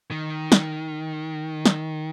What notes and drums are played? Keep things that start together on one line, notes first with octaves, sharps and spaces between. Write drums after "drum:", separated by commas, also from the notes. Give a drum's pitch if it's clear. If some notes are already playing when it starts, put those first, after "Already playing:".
D#3
drum: snare
drum: snare